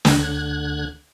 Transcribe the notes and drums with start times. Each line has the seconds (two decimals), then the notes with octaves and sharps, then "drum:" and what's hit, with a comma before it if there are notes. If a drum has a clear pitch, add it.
0.05 D2 D3 F#6 G#6, drum: snare